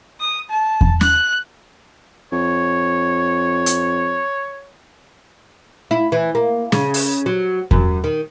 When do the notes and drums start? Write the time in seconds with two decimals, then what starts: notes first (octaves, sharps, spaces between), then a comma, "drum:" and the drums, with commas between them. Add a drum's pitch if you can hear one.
0.20 D#6
0.50 A5
0.81 drum: kick E2
1.01 F#6, drum: snare
2.32 F2 C#5
3.66 drum: hi-hat
5.91 E4
6.12 E3
6.35 A#3
6.72 C#3, drum: snare
6.94 drum: open hi-hat
7.26 F#3
7.71 F#2, drum: kick E2
8.04 D#3